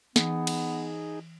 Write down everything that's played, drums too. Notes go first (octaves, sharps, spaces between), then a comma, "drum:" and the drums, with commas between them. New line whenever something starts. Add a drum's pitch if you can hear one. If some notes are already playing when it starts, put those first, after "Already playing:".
E3 B3 D#4 G#4, drum: snare
drum: cymbal